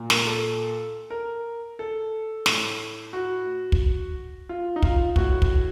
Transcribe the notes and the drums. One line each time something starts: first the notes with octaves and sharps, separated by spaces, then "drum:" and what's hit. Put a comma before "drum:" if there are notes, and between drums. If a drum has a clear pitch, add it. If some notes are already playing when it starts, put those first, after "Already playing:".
Already playing: A#2
A#4, drum: snare
A4
A#4
A4
A2, drum: snare
F#4
drum: kick
F4
D#4
F4, drum: kick
A2 F#4, drum: kick
drum: kick